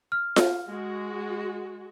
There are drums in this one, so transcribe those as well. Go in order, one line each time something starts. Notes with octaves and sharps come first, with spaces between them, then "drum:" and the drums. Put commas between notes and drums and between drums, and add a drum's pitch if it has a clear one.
F6
drum: snare F4
G#3 F#4